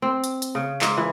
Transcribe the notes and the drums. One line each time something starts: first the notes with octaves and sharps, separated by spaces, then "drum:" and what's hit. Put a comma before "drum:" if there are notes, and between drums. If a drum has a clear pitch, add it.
C4
drum: hi-hat
drum: hi-hat
C#3
G#2, drum: clap
E3